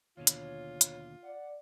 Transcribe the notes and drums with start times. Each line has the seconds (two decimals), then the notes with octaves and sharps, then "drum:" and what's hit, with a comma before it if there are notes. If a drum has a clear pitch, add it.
0.17 D#2 B2 D3 F4 C#5
0.27 drum: hi-hat
0.81 drum: hi-hat
1.23 D5 F#5